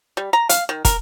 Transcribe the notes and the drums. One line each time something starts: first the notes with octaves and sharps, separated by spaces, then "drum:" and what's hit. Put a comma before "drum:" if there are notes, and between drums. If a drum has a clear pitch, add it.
G3
A#5
F5, drum: hi-hat
D#3
A#4, drum: kick, hi-hat